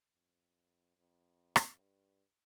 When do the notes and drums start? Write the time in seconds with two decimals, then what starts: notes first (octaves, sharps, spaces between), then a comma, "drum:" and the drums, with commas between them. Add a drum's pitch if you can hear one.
0.14 F2
0.97 F2
1.56 drum: rim click
1.80 G2